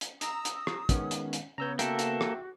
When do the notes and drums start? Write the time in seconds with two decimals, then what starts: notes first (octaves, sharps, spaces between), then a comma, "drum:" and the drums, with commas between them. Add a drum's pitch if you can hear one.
0.01 drum: hi-hat
0.21 A#5 D#6 E6, drum: hi-hat
0.45 drum: hi-hat
0.67 drum: rim click
0.89 D#3 G#3 B3 C#4, drum: kick, hi-hat
1.11 drum: hi-hat
1.33 drum: hi-hat
1.58 C#3 B3 C#5 A#5 E6 G6
1.79 A#3 F#4 A4 E5 G5, drum: hi-hat
1.99 drum: hi-hat
2.21 drum: rim click